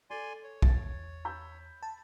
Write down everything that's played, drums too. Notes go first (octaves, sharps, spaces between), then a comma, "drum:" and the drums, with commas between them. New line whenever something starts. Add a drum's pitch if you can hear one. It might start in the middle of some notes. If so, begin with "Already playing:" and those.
A4 D5 G#5 C6
C#5
E2 A6, drum: kick B1
B5 E6 G6
A5